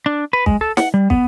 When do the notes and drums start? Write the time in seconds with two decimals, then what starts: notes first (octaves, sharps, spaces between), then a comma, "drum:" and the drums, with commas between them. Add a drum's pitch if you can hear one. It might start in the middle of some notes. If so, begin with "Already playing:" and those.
0.06 D4
0.33 B4
0.46 G#3, drum: kick
0.61 A4
0.77 F#5, drum: snare
0.94 G3
1.10 B3, drum: kick